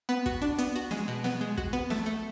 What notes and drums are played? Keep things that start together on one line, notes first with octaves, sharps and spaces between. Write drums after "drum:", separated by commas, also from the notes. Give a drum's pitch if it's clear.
B3
F#4, drum: kick
D4
B3, drum: hi-hat
F#4
G#3, drum: snare
B2
B3, drum: snare
G#3
F#4, drum: kick
B3
A3, drum: snare
A3